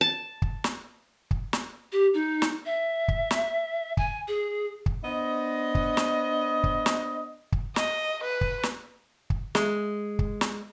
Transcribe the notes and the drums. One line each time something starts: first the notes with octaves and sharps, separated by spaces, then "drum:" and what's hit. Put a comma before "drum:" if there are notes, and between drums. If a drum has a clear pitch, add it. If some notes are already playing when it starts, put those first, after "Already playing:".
A5
drum: kick
drum: snare
drum: kick
drum: snare
G4
D#4
drum: snare
E5
drum: kick
drum: snare
G#5, drum: kick
G#4
drum: kick
B3 D4 C5 D#5
drum: kick
drum: snare
drum: kick
drum: snare
drum: kick
D#5, drum: snare
B4
drum: kick
drum: snare
drum: kick
G#3, drum: snare
drum: kick
drum: snare